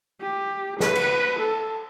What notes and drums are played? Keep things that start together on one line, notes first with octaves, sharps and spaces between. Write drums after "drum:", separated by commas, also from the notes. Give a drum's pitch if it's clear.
G4
B4, drum: snare
drum: cymbal
A4